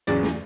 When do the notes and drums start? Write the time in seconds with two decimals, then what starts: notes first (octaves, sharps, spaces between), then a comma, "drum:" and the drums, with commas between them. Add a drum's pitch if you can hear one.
0.07 E2 C#3 F#3 D5, drum: hi-hat
0.23 drum: snare